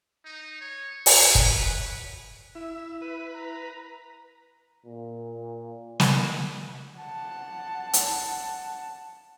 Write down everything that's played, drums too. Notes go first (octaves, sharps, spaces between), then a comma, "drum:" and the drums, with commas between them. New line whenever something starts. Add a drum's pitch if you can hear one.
D#4
C#5
G#4, drum: open hi-hat
B4, drum: kick
E4 E5
B4 D#7
A#5
A#2
drum: snare
F#5 A5
drum: hi-hat